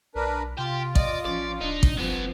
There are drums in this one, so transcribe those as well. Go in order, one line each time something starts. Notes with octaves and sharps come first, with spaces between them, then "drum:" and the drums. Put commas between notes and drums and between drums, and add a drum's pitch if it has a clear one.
B1 D4 A#4 B4
C3 F4 G4
D5 D#5, drum: kick A1
A1 F3 C#4 D5
D1 D4 D#4
drum: kick A1
F#1 G2 F3 B3 C4